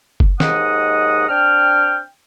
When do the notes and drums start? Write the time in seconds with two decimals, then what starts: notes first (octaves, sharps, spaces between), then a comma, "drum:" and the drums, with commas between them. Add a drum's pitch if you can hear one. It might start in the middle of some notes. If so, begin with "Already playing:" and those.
0.20 drum: kick F#1
0.40 D#2 G#2 D#5 F#5 D#6, drum: snare
1.29 C4 D4 G5 F6